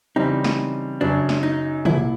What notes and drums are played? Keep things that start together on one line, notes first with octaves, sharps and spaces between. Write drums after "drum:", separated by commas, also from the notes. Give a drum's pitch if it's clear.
C#3 E3 G3 C4 D#4
drum: snare
F#2 C#3 F#3 D4
drum: snare
D#4
C2 A#2 F3 E4, drum: tom